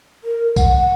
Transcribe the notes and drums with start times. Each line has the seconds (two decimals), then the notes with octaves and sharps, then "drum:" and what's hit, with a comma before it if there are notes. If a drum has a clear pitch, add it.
0.24 A#4
0.56 F#5, drum: kick A#1, tambourine